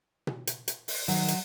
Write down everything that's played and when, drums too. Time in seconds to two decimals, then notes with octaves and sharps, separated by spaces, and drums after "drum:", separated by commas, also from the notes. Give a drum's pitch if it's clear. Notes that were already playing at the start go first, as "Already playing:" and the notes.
0.27 drum: tom B2
0.47 drum: hi-hat
0.68 drum: hi-hat
0.88 drum: open hi-hat
1.08 D#3 F#3, drum: open hi-hat
1.28 drum: hi-hat